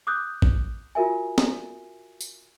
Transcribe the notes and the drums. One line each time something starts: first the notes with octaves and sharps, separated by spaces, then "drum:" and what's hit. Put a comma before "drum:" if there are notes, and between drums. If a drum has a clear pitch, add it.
D6 D#6 F#6 G6
drum: kick
F4 F#4 A#4 E5 G#5
drum: snare
drum: tambourine